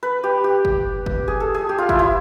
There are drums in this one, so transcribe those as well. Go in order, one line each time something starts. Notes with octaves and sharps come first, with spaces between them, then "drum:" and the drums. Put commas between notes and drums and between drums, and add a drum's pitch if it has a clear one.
B4
G4
G4
drum: kick
drum: kick
G#4
A4
G#4
G4
F4
E4, drum: kick
E4